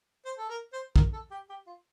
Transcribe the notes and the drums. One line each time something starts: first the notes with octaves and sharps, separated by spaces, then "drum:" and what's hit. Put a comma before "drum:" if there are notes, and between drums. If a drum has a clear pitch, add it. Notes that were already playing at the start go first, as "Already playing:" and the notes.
C5
A4
A#4
C5
A#4, drum: kick
A4
G4
G4
F4